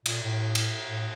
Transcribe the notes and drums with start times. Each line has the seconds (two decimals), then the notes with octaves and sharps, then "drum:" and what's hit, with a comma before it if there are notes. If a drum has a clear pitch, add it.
0.06 A#2, drum: cymbal
0.23 A2
0.55 drum: cymbal
0.88 A2